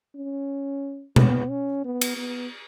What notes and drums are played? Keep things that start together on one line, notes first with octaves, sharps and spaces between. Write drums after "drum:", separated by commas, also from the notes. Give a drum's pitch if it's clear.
C#4
B3, drum: tom B2
C#4
B3
drum: cymbal
B3